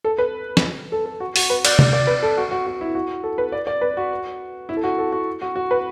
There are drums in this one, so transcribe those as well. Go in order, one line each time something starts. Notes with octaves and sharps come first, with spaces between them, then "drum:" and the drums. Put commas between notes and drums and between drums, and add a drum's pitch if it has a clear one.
A4
B4
drum: snare
A4
A4
F#4
F#4, drum: open hi-hat
B4
D5, drum: cymbal
D5, drum: tom C3
D5
B4
A4
F#4
F#4
F#4
E4
F#4
A4
B4
D5
D5
B4
F#4
E4
A4
F#4
A4
F#4
F#4
F#4
B4